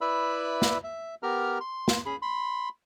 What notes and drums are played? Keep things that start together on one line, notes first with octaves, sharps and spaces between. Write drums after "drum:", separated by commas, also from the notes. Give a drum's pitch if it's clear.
E4 B4 D5 E5 B5 E6
drum: snare
E5
B3 G4 A#4 A#5 F6
C6
drum: snare
C#4 G#4 B5
B5 C6